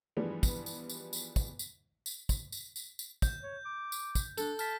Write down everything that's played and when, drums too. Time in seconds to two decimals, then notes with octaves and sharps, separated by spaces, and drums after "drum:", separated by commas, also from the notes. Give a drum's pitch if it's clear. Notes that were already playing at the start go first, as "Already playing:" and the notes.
0.17 E3 F3 G3 G#3 B3 D4
0.43 drum: kick, tambourine
0.66 drum: tambourine
0.89 drum: tambourine
1.13 drum: tambourine
1.36 drum: kick, tambourine
1.59 drum: tambourine
2.06 drum: tambourine
2.29 drum: kick, tambourine
2.52 drum: tambourine
2.76 drum: tambourine
2.99 drum: tambourine
3.22 G6, drum: kick, tambourine
3.42 C#5
3.65 D6
3.92 drum: tambourine
4.15 drum: kick, tambourine
4.38 D4 A4, drum: tambourine
4.59 A5 F6 B6, drum: tambourine